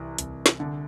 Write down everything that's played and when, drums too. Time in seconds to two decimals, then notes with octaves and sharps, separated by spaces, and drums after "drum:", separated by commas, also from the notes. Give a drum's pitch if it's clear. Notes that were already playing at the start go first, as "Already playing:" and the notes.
Already playing: C2 E3
0.18 C2, drum: hi-hat
0.46 drum: snare
0.60 D3